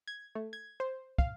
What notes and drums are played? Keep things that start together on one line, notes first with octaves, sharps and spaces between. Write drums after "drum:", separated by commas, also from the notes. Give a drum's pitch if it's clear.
G#6
A3
G#6
C5
F5, drum: kick